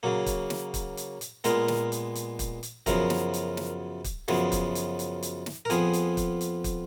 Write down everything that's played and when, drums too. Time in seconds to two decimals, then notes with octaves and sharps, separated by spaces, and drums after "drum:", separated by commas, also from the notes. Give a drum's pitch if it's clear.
0.03 C#3 F#3 A#3
0.26 drum: kick, hi-hat
0.50 drum: snare
0.74 drum: kick, hi-hat
0.97 drum: hi-hat
1.21 drum: hi-hat
1.44 A#2 G#3 B3 A#4, drum: hi-hat
1.68 drum: snare
1.92 drum: hi-hat
2.15 drum: hi-hat
2.39 drum: kick, hi-hat
2.63 drum: hi-hat
2.86 F#2 C#3 F3 B3 A#4, drum: kick, hi-hat
3.10 drum: snare
3.34 drum: hi-hat
3.57 drum: snare
4.04 drum: kick, hi-hat
4.28 F#2 C#3 F3 B3, drum: snare
4.52 drum: kick, hi-hat
4.75 drum: hi-hat
4.99 drum: hi-hat
5.23 drum: hi-hat
5.46 drum: snare
5.65 A#4
5.70 F2 F3 B3 G#4, drum: hi-hat
5.93 drum: hi-hat
6.17 drum: kick, hi-hat
6.41 drum: hi-hat
6.64 drum: kick, hi-hat